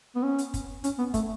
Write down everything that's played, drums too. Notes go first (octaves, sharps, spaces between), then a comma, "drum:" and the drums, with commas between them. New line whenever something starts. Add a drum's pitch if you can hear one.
B3
C#4
drum: hi-hat
drum: kick, hi-hat
C#4, drum: hi-hat
B3
A3, drum: kick, hi-hat